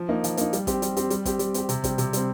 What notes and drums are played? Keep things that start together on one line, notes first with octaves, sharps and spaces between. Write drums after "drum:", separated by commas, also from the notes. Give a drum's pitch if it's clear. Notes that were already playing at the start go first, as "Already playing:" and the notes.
Already playing: F3
A#3 D#4
F3, drum: hi-hat
A#3 D#4, drum: hi-hat
G3, drum: hi-hat
C4 G4, drum: kick, hi-hat
G3, drum: hi-hat
C4 G4, drum: hi-hat
G3, drum: hi-hat
C4 G4, drum: kick, hi-hat
G3, drum: hi-hat
C4 G4, drum: hi-hat
C3, drum: hi-hat
G3 C4, drum: kick, hi-hat
C3, drum: hi-hat
G3 C4, drum: hi-hat